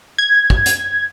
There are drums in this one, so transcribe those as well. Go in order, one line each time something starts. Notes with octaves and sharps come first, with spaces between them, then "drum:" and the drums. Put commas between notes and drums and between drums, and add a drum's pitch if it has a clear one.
G#6
drum: kick
drum: hi-hat